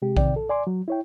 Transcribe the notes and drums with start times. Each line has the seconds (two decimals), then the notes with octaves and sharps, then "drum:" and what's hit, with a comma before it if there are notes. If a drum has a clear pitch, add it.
0.02 C3 G#3 G4
0.17 C3 D#3 D5 G5, drum: kick A#1
0.36 A4
0.49 D5 G#5 C6 D6
0.67 F#3
0.88 E4 C#5 G5